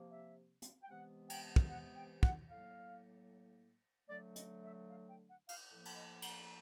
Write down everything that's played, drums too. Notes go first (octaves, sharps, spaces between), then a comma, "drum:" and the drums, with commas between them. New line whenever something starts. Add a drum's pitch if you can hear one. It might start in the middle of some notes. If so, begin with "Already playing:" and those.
Already playing: C3 F3 A#3
E5
drum: hi-hat
G5
C3 E3 G#3 B3 F#5
G5, drum: cymbal
drum: kick
F#5
G5
F#5, drum: kick
A2 F#3 A#3 F5
D3 F#3 A3 D5
D#5, drum: hi-hat
E5
F5
G5
F#5
F5, drum: cymbal
A2 F3 A#3
drum: cymbal
D#5
F#5, drum: cymbal